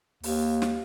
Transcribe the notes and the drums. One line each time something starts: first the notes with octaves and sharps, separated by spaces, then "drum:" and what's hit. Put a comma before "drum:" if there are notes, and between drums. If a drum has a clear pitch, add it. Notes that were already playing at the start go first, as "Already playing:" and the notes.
D#2, drum: open hi-hat
drum: snare